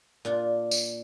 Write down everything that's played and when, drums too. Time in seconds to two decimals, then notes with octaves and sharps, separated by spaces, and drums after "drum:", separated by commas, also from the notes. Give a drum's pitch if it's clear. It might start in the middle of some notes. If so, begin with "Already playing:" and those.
0.25 A#2 D4 F4
0.71 drum: tambourine